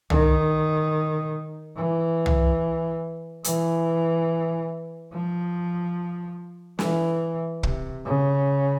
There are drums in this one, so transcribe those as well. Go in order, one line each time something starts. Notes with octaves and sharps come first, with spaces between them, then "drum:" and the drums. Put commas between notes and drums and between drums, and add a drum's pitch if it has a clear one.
D#3, drum: tom C2
E3
drum: tom C2
E3, drum: hi-hat
F3
E3, drum: snare
C3, drum: kick
C#3